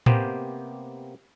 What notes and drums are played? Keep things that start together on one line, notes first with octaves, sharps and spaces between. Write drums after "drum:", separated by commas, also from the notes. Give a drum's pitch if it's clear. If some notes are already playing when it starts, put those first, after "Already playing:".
C3 A#3 B3 G4 C5 G5, drum: tom A2